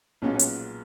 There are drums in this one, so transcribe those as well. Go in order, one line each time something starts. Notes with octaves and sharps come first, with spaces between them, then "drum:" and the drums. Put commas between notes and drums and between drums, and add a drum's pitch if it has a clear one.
B1 A#2 G#3 B3 C#4 F4
drum: hi-hat